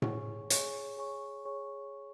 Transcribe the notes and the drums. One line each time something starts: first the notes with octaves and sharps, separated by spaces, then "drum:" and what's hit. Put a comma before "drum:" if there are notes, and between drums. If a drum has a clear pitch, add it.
G#4 C#5 G#5 C#6, drum: tom A2
G#4 C#5 G#5 C#6, drum: hi-hat
G#4 C#5 G#5 C#6
G#4 C#5 G#5 C#6